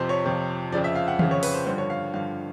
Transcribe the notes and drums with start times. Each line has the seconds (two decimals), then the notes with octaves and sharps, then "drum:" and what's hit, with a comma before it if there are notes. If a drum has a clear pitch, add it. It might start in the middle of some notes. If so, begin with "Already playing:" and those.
Already playing: F2 C3 F3 C5
0.09 C#5
0.25 F2 C3 F3
0.72 F2 C#3 F3 D5
0.84 E5
0.95 F5
1.08 F#5
1.19 F2 C#3 F3 F5, drum: tom D#3
1.31 C#5
1.43 B4, drum: open hi-hat
1.54 C5
1.66 G2 D3 F3 C5
1.78 C#5
1.90 F5
2.14 G2 D3 F3 F5